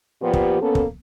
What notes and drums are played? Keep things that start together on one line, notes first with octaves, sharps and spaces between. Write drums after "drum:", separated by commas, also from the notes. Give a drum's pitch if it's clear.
A#2 F3 B3 G4
drum: kick
A#3 B3 C#4 A4
drum: kick